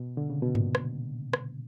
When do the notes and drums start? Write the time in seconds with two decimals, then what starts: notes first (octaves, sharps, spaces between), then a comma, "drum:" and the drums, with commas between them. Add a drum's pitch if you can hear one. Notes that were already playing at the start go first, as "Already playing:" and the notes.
Already playing: B2
0.17 D3
0.30 C#3
0.42 B2
0.55 A#2, drum: tom G2
0.75 drum: rim click
1.33 drum: rim click